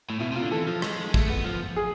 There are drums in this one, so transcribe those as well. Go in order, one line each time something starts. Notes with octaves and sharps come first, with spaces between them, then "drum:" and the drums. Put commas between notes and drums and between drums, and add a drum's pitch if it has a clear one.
A2
B2 E4
C3 F4
D3
E3 A4
F3
G#3, drum: rim click
A3, drum: kick
B3
F3
G#4